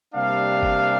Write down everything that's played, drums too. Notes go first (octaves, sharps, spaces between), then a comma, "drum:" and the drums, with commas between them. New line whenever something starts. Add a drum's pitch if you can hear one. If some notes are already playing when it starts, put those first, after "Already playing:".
C3 G3 A#3 D4 F5
drum: kick F#1